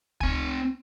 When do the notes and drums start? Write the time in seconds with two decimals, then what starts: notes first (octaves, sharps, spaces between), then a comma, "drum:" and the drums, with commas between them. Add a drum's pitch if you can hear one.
0.21 C4 G#5, drum: kick